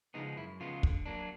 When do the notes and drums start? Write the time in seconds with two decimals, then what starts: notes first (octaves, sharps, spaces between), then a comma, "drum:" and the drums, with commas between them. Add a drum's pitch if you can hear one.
0.14 C#3 F3 G#3 B3 D#4
0.37 F#2 E4
0.60 C#3 F3 G#3 B3 F4
0.83 D3, drum: kick
1.06 F#3 A#3 D4